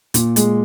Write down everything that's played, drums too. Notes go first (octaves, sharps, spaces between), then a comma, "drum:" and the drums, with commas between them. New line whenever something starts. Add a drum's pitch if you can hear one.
A#2, drum: hi-hat
G#3, drum: hi-hat